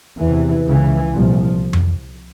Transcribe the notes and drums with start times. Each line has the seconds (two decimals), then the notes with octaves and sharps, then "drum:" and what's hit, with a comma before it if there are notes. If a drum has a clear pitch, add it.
0.20 E2 C3 E3
0.67 C#2 C#3 E3
1.14 C2 A#2 F3
1.73 drum: tom F2